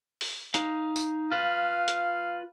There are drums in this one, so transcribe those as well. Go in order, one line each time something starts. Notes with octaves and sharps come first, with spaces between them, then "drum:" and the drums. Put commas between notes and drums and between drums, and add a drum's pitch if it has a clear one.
drum: open hi-hat
D#4 F5, drum: hi-hat
drum: tambourine
F4 B4 F5
drum: hi-hat